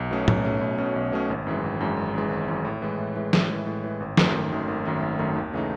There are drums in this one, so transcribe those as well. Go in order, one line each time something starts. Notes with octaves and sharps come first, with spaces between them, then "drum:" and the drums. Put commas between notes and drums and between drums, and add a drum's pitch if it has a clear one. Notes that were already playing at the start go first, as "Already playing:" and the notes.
Already playing: B1
B2 A3 C#4
B1, drum: tom A2
B2 A3 C#4
B1
B2 A3 C#4
B1
B2 A3 C#4
G#1
F#2 E3 G#3
G#1
F#2 E3 G#3
G#1
F#2 E3 G#3
G#1
F#2 E3 G#3
A2
E3 G#3
A2
E3 G#3
A2, drum: snare
E3 G#3
A2
E3 G#3
G#1
F#2 D#3 A3, drum: snare
G#1
F#2 D#3 A3
G#1
F#2 D#3 A3
G#1
F#2 D#3 A3
D#2
C#3 E3 A3 D#4